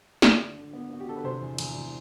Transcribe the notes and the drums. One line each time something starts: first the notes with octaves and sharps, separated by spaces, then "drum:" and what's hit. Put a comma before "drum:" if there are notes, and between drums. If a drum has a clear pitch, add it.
D3 D5, drum: snare
D3
D3
B3
B3 F#4
G4
D3 A4
B4
C3 C5
E2
E2, drum: cymbal
E2